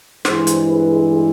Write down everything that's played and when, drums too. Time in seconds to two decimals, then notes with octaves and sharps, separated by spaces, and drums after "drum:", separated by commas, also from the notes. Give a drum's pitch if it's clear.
0.25 G2 E3 G#3 C5, drum: snare
0.47 drum: hi-hat
0.67 B4